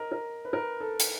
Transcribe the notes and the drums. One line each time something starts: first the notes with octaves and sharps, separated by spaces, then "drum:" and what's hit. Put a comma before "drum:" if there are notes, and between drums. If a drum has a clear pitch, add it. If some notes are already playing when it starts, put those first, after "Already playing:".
Already playing: A#4 D#5
A#4
B4
A#4
A4
drum: hi-hat